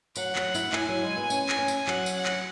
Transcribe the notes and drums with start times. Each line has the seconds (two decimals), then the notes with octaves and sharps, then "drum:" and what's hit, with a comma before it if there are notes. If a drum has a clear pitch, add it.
0.16 F#3 F#5, drum: tambourine
0.35 F#3, drum: clap
0.55 E4, drum: tambourine
0.73 E4 G#5, drum: clap
0.89 F#3
1.02 G#3
1.16 B3
1.30 C#4, drum: tambourine
1.49 drum: clap
1.59 C#4
1.68 drum: tambourine
1.87 F#3 F#5, drum: clap
2.06 drum: tambourine
2.16 F#5
2.25 drum: clap